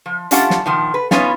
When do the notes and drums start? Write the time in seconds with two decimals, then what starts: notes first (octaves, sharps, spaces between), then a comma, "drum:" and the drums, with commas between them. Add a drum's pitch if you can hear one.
0.06 F3
0.31 G3 C#4 D4 F4 G4 F#5, drum: hi-hat
0.50 drum: snare
0.66 A#2 D#3 F3
0.94 B4
1.11 B3 C#4 D#4 F4, drum: snare